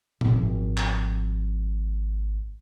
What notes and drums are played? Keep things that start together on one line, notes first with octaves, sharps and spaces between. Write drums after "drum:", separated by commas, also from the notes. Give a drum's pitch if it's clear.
G#1 F3, drum: tom A#2
drum: clap